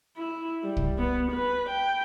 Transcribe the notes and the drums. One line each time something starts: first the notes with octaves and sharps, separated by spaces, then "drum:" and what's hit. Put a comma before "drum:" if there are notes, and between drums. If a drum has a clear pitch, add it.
E4
G3
drum: kick
B3
B4
G5